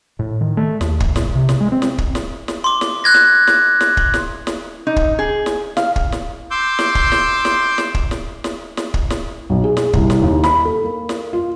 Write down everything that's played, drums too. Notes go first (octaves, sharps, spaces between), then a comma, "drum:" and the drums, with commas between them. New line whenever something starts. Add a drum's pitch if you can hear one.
A2
D#3
A3
D#2, drum: snare
A1, drum: kick
C2, drum: snare
C3
drum: snare
G#3
C4
drum: snare
drum: kick
drum: snare
drum: snare
C6 D6
drum: snare
F#6 G#6 A#6
drum: snare
drum: snare
drum: snare
drum: kick
drum: snare
drum: snare
D#4
drum: kick
G#4
drum: snare
F5, drum: snare
drum: kick
drum: snare
C6 D6 E6 G6
drum: snare
drum: kick
drum: snare
drum: snare
drum: snare
drum: kick
drum: snare
drum: snare
drum: snare
drum: kick
drum: snare
B1
G#4
drum: snare
C2, drum: kick
drum: snare
D#2
B5, drum: snare
A4
A#3
drum: snare
F4